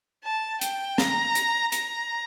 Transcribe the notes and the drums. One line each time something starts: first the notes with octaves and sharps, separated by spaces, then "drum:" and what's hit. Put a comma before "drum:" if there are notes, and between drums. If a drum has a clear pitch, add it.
A5
G5, drum: hi-hat
A#5, drum: snare
drum: hi-hat
A#5, drum: hi-hat